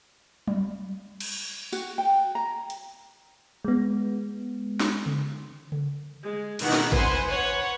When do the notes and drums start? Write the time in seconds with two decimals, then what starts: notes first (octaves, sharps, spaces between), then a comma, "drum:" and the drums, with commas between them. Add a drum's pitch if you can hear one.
0.48 drum: tom F#3
1.20 drum: cymbal
1.72 F#4, drum: tambourine
1.98 G5
2.35 A#5
2.70 drum: hi-hat
3.65 G#3 B3
4.80 drum: snare
5.06 drum: tom C#3
5.72 drum: tom C#3
6.22 G#3
6.59 B2 D#3 E3 F#5, drum: cymbal
6.73 drum: snare
6.92 B4 C5 F#5 G#5 C6, drum: kick G#1
7.28 B4 C#5 F#5